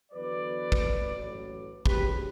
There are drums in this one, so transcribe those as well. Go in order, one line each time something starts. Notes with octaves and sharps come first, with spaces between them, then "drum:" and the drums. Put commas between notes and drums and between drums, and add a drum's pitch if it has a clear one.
E2 D3 F#3 B4 D5
drum: kick
A1 A2 F#3
D2 C#3 E3 G4 B4, drum: kick